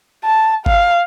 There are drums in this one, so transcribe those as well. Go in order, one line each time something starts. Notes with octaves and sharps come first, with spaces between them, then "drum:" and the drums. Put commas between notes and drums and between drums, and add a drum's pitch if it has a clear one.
A5
F5, drum: kick G1